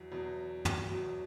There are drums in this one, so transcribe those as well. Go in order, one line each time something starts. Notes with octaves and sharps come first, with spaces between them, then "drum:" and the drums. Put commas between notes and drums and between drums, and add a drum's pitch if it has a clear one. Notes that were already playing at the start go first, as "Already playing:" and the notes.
Already playing: E2 F#3
E2 B2 F#3
drum: tom
E2 B2 F#3